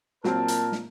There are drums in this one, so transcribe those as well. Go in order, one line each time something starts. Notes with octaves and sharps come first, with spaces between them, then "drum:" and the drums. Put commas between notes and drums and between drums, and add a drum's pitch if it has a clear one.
A#2 F#3 C4 A#4 A5, drum: snare
drum: hi-hat
drum: snare